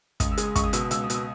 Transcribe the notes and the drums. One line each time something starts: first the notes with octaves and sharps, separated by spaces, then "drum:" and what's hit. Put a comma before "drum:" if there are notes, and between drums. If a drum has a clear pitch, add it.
C#2 D#6, drum: kick, hi-hat
E6
G#3, drum: hi-hat
D#6
C#2 C#6, drum: kick, hi-hat
D#6
B2 E6, drum: hi-hat
C#2 E6, drum: hi-hat
D#6
B2, drum: hi-hat
D#6